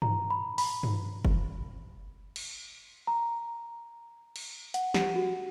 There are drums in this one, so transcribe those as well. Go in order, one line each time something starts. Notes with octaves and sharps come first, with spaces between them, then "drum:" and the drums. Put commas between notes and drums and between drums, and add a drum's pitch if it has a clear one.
A#5, drum: tom G2
B5
B5, drum: open hi-hat
drum: tom G2
drum: kick F#1
drum: cymbal
A#5
drum: cymbal
F#5, drum: hi-hat
G4, drum: snare
F#4